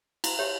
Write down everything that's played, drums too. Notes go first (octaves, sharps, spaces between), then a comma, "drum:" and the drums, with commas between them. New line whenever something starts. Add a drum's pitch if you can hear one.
E4, drum: cymbal
G4 C#5 E5